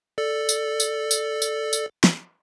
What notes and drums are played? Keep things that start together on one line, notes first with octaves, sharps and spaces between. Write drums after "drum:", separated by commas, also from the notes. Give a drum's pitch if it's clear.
A4 D5
drum: tambourine
drum: tambourine
drum: tambourine
drum: tambourine
drum: tambourine
drum: snare